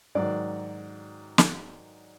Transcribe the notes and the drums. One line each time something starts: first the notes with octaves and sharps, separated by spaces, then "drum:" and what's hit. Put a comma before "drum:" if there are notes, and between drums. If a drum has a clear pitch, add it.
G#2 D#3 F#3 D5
drum: snare